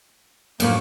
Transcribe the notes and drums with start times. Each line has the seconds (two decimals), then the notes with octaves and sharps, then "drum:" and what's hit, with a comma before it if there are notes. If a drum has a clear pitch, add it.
0.60 F#2 A2 F3 A#3, drum: cymbal